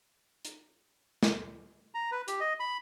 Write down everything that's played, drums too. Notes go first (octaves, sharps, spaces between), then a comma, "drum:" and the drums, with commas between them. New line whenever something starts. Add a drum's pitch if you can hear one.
drum: hi-hat
drum: snare
A#5
B4
G4, drum: hi-hat
D#5
B5